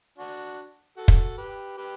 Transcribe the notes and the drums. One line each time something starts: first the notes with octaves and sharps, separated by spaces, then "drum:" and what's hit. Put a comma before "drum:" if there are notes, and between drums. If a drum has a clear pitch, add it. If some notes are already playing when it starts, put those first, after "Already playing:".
D4 F#4
F#4 A4
drum: kick
G4 B4
G4 B4